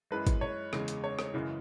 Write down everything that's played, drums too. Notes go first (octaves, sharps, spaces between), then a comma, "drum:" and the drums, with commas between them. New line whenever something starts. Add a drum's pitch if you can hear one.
F#2 E3 G#3 B4
drum: kick G#1, hi-hat
C#5
E2 C#3 G#3, drum: rim click
drum: hi-hat
C#5
drum: rim click
F#2 C#3 E3 G#3